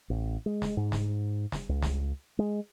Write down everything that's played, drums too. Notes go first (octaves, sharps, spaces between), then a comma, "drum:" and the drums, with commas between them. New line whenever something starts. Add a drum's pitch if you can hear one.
A1
G#3
drum: snare
G#2
drum: snare
drum: snare
C#2
drum: snare
G#3